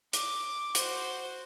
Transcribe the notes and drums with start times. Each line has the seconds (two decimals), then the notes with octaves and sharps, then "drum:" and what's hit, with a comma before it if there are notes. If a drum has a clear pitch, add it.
0.13 D6, drum: hi-hat
0.75 F#4 C5, drum: hi-hat